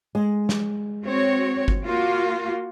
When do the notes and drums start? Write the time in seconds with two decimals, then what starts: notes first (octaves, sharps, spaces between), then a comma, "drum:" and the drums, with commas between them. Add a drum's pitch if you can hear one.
0.15 G#3
0.49 drum: snare
1.04 C4 F#4 C#5
1.68 drum: kick G1
1.85 A#3 F4 F#4